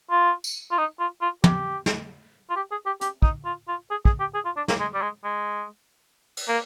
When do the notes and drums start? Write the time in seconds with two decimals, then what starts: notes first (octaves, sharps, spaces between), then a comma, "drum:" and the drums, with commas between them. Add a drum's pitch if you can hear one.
0.11 F4
0.44 drum: tambourine
0.71 F4
0.78 D#4
0.99 F4
1.21 F4
1.44 G4, drum: tom
1.86 drum: snare
2.50 F4
2.56 G4
2.71 G#4
2.86 G4
3.01 G4, drum: hi-hat
3.22 D#4, drum: kick
3.45 F4
3.68 F4
3.91 G#4
4.05 G#4, drum: kick
4.20 G4
4.34 G#4
4.45 F4
4.56 D4
4.68 A#3, drum: snare
4.80 G#3
4.94 G3
5.02 G#3
5.24 G#3
6.37 drum: cymbal
6.48 A#3